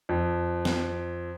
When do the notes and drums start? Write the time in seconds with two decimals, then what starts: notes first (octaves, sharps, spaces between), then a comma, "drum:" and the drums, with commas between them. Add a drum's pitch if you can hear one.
0.09 F2
0.65 drum: snare